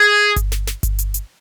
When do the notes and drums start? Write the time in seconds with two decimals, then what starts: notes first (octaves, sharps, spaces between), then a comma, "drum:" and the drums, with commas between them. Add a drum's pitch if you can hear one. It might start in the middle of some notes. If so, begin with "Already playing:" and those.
Already playing: G#4
0.36 drum: kick G1, hi-hat
0.52 drum: snare
0.67 drum: snare
0.83 drum: kick G1, hi-hat
0.99 drum: hi-hat
1.14 drum: hi-hat